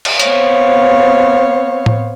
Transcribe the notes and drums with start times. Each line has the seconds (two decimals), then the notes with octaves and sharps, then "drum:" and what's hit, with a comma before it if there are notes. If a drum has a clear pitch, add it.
0.05 drum: cymbal
0.19 B3 C4 C5 C#5 F5, drum: hi-hat
1.86 drum: tom A2